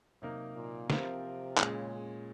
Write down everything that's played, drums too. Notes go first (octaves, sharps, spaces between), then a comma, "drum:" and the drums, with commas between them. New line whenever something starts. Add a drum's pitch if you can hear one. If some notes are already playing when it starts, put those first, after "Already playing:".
C3 F#3 A#3 D#4 A#4
A#2
C3 F3 C4 F4 A#4, drum: snare
A#2 C#3 G#3 C#4, drum: clap